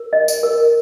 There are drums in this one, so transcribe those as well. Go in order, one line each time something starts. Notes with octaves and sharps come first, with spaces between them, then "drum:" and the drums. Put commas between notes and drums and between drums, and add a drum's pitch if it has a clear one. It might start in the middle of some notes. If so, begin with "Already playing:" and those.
Already playing: A#4
D#5
drum: tambourine
A#4